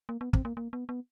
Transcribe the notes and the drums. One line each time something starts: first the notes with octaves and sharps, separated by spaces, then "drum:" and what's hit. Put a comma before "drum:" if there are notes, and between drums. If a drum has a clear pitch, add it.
A#3
B3
C4, drum: kick
A#3
A#3
B3
B3